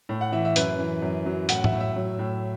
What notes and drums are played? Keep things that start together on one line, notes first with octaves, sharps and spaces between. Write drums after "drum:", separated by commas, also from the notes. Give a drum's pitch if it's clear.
A2
F#5
E3 E5
E5
F#2 B4, drum: hi-hat
E3
F#2
F#3
A2 F#5, drum: hi-hat
E5, drum: tom
A2
E5
F#3
A2